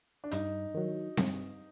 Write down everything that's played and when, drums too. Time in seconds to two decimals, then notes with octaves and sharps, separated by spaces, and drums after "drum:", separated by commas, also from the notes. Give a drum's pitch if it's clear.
0.24 D4
0.31 G2 D#4, drum: hi-hat
0.74 D#3 F#3
1.17 G2, drum: snare C4